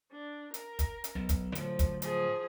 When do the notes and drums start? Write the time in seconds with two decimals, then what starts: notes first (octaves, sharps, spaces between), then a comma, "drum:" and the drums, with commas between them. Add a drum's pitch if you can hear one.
0.12 D4
0.54 A#4, drum: hi-hat
0.79 drum: kick, hi-hat
1.04 drum: hi-hat
1.15 B1
1.29 drum: kick, hi-hat
1.55 A2 D3 F3 F#3, drum: hi-hat
1.79 drum: kick, hi-hat
2.02 F3 G#4, drum: hi-hat